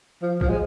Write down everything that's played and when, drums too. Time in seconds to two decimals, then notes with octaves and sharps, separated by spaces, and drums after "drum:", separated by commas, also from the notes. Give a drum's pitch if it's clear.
0.22 F3
0.41 F3, drum: kick B1
0.49 G#3